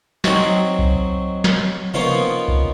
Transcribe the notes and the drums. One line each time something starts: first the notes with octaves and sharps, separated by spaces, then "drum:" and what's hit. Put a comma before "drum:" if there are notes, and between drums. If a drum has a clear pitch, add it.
F#3 C4 D#4 F#4, drum: snare
drum: kick C2
drum: snare
F3 A#3 B3 C#4 D#4 F4, drum: tom C3
drum: kick C2